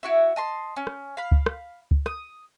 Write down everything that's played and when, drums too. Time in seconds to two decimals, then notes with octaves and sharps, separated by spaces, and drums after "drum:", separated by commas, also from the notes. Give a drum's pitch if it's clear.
0.03 E4 F#4 E5
0.36 D#5 A5 C6
0.76 C#4
0.87 drum: rim click
1.17 F5 B5
1.32 drum: kick C#2
1.46 drum: rim click
1.91 drum: kick C#2
2.06 D#6, drum: rim click